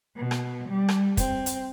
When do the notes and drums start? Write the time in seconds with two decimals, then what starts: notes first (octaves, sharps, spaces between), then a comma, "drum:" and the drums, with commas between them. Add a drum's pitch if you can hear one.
0.16 B2
0.31 drum: rim click
0.68 G3
0.88 drum: rim click
1.17 C4, drum: kick, hi-hat
1.46 drum: hi-hat